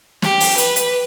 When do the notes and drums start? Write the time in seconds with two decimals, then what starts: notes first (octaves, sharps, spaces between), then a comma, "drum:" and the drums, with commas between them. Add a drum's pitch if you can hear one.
0.22 G4, drum: snare
0.40 drum: open hi-hat
0.58 B4, drum: hi-hat
0.76 drum: hi-hat